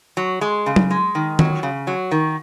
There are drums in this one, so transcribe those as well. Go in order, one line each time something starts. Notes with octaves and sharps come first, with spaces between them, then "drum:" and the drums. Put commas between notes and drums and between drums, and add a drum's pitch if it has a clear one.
F#3
G#3
C#3
drum: tom F#3
G#3
D#3
F#3, drum: tom D#3
C#3
F#3
D#3